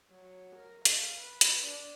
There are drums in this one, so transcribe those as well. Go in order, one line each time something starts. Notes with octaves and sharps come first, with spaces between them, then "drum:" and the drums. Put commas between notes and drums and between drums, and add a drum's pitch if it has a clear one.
F#3
A#4
F5, drum: hi-hat
B4
drum: hi-hat
D4